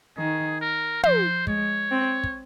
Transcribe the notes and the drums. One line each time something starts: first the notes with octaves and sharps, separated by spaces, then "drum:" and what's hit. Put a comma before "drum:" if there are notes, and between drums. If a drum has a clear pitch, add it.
D#3 G#4
A#4
F3 C5, drum: tom
G#3 C#5, drum: kick
C4
drum: kick